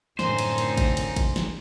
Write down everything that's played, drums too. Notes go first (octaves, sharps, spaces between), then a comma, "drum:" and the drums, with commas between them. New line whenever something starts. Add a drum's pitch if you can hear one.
F#2 A2 D3 C4 D#4 C5 G#5, drum: snare
drum: cymbal
drum: cymbal
drum: kick, cymbal
drum: cymbal
drum: kick, cymbal
drum: snare